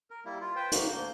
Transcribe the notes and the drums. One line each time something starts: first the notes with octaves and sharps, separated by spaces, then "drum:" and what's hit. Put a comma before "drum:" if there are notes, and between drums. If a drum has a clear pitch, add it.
A#4
G3 A#3 E4
F4
B4 C5 G5
A#3 F#4, drum: hi-hat
D2 A#3 G6